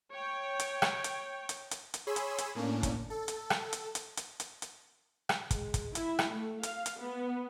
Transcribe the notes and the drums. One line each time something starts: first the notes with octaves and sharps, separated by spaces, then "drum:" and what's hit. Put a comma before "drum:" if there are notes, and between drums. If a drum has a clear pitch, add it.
C#5 G5
drum: hi-hat
drum: rim click
drum: hi-hat
drum: hi-hat
drum: hi-hat
drum: hi-hat
G#4 C#5 G#5 B5 C6 E6
drum: hi-hat
drum: hi-hat
A2 A#3 C#4 D4
drum: kick, hi-hat
A4
drum: hi-hat
drum: rim click
drum: hi-hat
drum: hi-hat
drum: hi-hat
drum: hi-hat
drum: hi-hat
drum: rim click
G#3, drum: kick, hi-hat
drum: kick, hi-hat
E4, drum: hi-hat
drum: rim click
A3
F5, drum: hi-hat
drum: hi-hat
B3